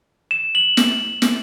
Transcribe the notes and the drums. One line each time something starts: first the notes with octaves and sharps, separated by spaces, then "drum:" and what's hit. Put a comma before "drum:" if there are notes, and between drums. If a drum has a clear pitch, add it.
E7
F#7
drum: snare
drum: snare